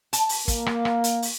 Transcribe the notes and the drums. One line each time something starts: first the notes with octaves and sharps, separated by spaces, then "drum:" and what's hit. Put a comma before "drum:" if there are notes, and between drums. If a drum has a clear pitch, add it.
A5, drum: hi-hat
drum: open hi-hat
A#3, drum: kick, hi-hat
drum: rim click
drum: rim click
drum: hi-hat
drum: open hi-hat